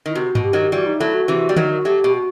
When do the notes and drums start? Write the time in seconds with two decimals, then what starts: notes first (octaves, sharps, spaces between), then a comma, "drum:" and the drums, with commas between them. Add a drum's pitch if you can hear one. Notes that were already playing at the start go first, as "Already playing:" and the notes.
0.06 D#3 E4
0.15 C3 F#4
0.35 B2, drum: tom G2
0.44 G4
0.53 D#3 F#3
0.72 E3 G3 F#4
0.86 D#4
1.00 F#3 A3 E4
1.15 F#4
1.28 C3 E3
1.49 G3
1.56 D#3 F#3, drum: tom D3
1.85 F#3 A3 G4
2.04 B2
2.13 F#4